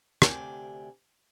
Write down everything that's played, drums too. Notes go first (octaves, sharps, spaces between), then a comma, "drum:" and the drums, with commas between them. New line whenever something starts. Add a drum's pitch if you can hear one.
D2 C3 D5 G5 G#5, drum: rim click